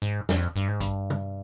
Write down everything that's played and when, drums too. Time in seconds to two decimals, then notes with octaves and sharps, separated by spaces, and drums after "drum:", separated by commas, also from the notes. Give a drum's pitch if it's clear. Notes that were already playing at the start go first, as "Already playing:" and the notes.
0.02 G#2
0.29 F2, drum: snare
0.56 G2
0.68 G#2
0.80 G2, drum: kick, hi-hat
1.10 drum: tom